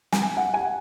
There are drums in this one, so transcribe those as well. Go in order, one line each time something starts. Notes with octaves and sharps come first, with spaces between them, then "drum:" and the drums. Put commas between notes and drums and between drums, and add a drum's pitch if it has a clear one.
G#5, drum: snare
F#5
G#5
F#5